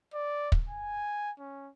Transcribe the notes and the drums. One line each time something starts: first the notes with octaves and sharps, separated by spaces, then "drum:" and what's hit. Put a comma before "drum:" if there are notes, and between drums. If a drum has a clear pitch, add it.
D5
drum: kick
G#5
C#4